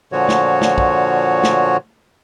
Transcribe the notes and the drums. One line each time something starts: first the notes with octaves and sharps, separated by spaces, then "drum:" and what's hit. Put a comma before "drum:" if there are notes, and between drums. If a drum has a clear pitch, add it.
A#2 D3 F3 F#4 C#5
drum: snare
drum: snare
drum: kick
drum: snare